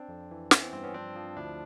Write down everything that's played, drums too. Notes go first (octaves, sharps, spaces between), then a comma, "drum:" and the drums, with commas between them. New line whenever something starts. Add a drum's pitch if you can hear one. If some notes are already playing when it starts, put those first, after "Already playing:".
Already playing: C4 D4
F2
E3
E3 B3 C#4, drum: snare
C4
G2 C4
B3 C#4
F3 C4 D4
F3
D2 D4 E4